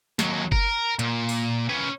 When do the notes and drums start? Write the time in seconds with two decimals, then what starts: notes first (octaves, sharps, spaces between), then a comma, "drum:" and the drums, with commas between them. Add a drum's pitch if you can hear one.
0.19 D#2 F#3, drum: snare
0.52 A#4, drum: kick F#1
0.99 A#2, drum: hi-hat
1.29 drum: open hi-hat
1.69 C#4 B4